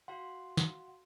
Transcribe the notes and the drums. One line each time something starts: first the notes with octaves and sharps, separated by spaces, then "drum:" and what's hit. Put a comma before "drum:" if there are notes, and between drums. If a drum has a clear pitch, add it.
F#4 F5 F#5 C6
drum: snare